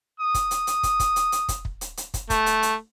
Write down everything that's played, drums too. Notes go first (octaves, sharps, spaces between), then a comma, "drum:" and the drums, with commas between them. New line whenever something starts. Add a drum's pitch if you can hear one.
D#6
drum: kick, hi-hat
drum: hi-hat
drum: hi-hat
drum: kick, hi-hat
drum: kick, hi-hat
drum: hi-hat
drum: hi-hat
drum: kick, hi-hat
drum: kick
drum: hi-hat
drum: hi-hat
drum: kick, hi-hat
A3, drum: kick, hi-hat
drum: hi-hat
drum: hi-hat